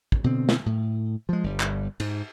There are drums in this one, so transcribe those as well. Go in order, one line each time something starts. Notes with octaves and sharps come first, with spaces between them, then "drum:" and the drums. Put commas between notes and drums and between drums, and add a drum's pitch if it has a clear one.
drum: kick
B2 D3 C4
drum: snare
A2
F3 G#3
G1 G3
drum: clap
G#2, drum: cymbal